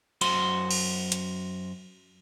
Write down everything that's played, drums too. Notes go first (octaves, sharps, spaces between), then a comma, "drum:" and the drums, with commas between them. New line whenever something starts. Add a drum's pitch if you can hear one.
F#2 F#4 C5 C6, drum: cymbal
drum: cymbal
drum: hi-hat